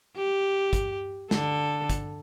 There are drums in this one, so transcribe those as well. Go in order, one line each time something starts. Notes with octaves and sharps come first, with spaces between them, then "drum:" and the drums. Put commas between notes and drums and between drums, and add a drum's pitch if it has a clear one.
G4
drum: kick, hi-hat
D3 A4, drum: snare
drum: kick, hi-hat